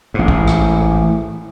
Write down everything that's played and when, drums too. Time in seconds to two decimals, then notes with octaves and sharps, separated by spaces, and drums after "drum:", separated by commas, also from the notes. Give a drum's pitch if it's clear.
0.14 A1 G#2
0.28 drum: kick B1
0.47 drum: rim click